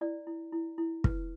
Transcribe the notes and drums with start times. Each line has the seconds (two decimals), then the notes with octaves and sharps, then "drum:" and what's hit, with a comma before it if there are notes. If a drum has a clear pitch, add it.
0.01 E4 D5
0.27 E4
0.52 E4
0.78 E4
1.04 B4, drum: kick